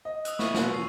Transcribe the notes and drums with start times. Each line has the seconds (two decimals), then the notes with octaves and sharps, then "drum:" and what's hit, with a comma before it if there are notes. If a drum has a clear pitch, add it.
0.05 D#5
0.25 D#6 E6 F#6, drum: hi-hat
0.39 E4 C#6 D#7, drum: snare
0.54 B2 C#4 F4, drum: snare
0.74 E2 C7